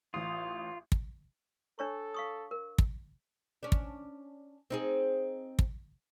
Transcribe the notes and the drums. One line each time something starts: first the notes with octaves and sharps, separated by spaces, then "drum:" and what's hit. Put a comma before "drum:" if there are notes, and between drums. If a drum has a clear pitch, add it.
A1 F4 D#6
drum: kick
D4 A4 C#5 C#6
F5 C#6 D#6
A#4
drum: kick
C#4 D4
drum: kick
C4 D#4 G#4
drum: kick